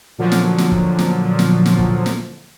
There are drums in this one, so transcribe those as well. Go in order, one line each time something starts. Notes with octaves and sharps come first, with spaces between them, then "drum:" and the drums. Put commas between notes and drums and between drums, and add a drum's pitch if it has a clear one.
A#2 D3 F3 F#3
drum: snare
drum: snare
drum: kick
drum: snare
drum: snare
drum: snare
drum: kick
drum: snare